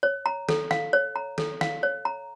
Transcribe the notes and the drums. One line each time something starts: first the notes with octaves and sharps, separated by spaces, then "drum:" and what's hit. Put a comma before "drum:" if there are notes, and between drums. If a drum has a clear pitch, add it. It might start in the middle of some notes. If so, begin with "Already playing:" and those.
C#5
A#5
A4, drum: snare
F5, drum: snare
C#5
A#5
A4, drum: snare
F5, drum: snare
C#5
A#5